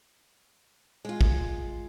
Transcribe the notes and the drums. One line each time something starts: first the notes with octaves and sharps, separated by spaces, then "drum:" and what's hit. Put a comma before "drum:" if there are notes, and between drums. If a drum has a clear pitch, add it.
G#3 F4
drum: kick